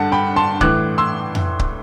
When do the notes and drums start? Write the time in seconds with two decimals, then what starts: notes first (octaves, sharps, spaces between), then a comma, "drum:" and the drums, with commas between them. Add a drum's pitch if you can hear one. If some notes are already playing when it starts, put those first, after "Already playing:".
Already playing: G2 D3 F#5 A5
0.12 G5 B5
0.36 A5 C6
0.61 A2 E3 D6 F#6, drum: kick C#1
0.98 C6 E6
1.35 drum: tom F2
1.59 drum: kick C#1